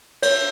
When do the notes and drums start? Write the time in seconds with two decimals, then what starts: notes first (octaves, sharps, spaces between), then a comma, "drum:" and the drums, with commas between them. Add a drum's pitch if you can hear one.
0.22 C#5, drum: cymbal